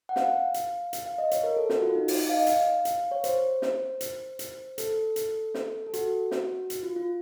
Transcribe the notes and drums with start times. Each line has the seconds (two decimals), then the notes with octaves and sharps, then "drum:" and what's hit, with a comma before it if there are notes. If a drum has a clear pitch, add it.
0.09 F#5
0.16 F5, drum: snare
0.54 drum: hi-hat
0.93 drum: hi-hat
1.06 F5
1.18 D#5
1.31 C#5, drum: hi-hat
1.43 A#4
1.57 A4
1.70 F#4, drum: snare
1.82 F4
1.95 D#4
2.08 D#4, drum: open hi-hat
2.29 F5
2.34 D#5
2.47 F5, drum: hi-hat
2.85 drum: hi-hat
3.11 C#5
3.24 C5, drum: hi-hat
3.62 drum: snare
4.01 drum: hi-hat
4.39 drum: hi-hat
4.78 A4, drum: hi-hat
5.16 drum: hi-hat
5.54 drum: snare
5.87 A4
5.93 F#4, drum: hi-hat
6.31 drum: snare
6.70 drum: hi-hat
6.83 F4
6.96 F4